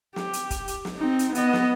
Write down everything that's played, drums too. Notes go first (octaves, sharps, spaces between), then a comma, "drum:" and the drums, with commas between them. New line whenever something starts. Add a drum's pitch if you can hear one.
G4, drum: snare
drum: hi-hat
drum: kick, hi-hat
drum: hi-hat
drum: snare
C4 D#4
drum: hi-hat
B3 D#5, drum: hi-hat
drum: snare